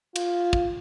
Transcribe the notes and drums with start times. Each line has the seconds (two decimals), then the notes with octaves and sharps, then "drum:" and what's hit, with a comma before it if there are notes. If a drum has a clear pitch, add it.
0.16 F4, drum: cymbal
0.53 drum: kick